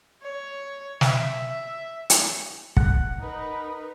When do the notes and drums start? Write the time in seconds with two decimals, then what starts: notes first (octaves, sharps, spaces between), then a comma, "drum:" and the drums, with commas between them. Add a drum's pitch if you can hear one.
0.22 C#5
1.01 E5, drum: snare
2.10 drum: hi-hat
2.77 F#5 F#6, drum: kick
3.18 D#4 A#4 B4